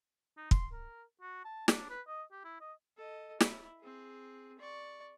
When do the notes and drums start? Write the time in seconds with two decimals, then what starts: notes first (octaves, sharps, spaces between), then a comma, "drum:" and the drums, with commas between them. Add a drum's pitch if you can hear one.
0.37 D#4
0.51 C6, drum: kick
0.73 A#4
1.21 F#4
1.45 A5
1.68 D4, drum: snare
1.90 B4
2.08 D#5
2.32 G4
2.45 E4
2.61 D#5
2.97 A4 D#5
3.40 E4, drum: snare
3.81 C4 G#4
4.59 D5 C#6